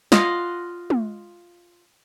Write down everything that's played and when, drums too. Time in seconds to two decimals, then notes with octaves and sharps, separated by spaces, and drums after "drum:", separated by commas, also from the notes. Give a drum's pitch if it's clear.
0.12 F4 D#5 F5 F#5, drum: snare
0.90 drum: tom